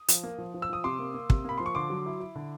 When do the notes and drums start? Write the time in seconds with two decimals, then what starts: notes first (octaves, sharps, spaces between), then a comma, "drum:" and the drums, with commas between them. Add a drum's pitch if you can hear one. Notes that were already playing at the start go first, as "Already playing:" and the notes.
Already playing: D#6
0.08 F3, drum: hi-hat
0.24 A#3
0.38 F3
0.54 F3
0.62 E6
0.69 F3 D#6
0.84 C3 C6 D6
0.99 A#3
1.14 A#3
1.30 C3, drum: kick
1.45 A#3 B5
1.58 F3 C6
1.66 C#6
1.75 D3 C6 D6
1.90 F#3
2.06 E4
2.20 E4
2.35 D3